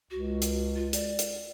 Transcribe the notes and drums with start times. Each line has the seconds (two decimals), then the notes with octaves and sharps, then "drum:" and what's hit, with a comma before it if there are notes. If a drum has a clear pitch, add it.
0.11 C#2 F#4
0.42 drum: hi-hat
0.76 F4
0.93 D5, drum: hi-hat
1.19 drum: hi-hat